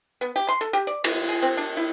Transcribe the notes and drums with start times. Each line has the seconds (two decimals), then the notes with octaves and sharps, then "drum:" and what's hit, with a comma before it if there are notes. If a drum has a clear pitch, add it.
0.21 B3
0.36 G4
0.49 C6
0.61 A4
0.73 G4
0.87 D5
1.04 E3, drum: cymbal
1.29 G#4
1.42 C4
1.57 D4
1.77 E4